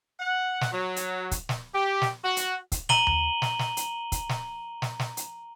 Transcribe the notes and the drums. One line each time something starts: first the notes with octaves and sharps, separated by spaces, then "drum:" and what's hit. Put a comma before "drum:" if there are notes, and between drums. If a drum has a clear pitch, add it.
F#5
drum: snare
F#3
drum: hi-hat
drum: kick, hi-hat
drum: snare
G4
drum: snare
F#4
drum: hi-hat
drum: kick, hi-hat
A#5 D#7 F#7 G7, drum: snare
drum: tom D#2
drum: snare
drum: snare
drum: hi-hat
drum: kick, hi-hat
drum: snare
drum: snare
drum: snare
drum: hi-hat